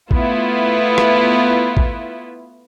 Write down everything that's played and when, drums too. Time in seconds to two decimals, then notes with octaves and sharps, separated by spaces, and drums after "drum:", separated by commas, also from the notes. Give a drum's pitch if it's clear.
0.11 A3 B3 E4 F4, drum: kick
0.98 drum: rim click
1.77 drum: kick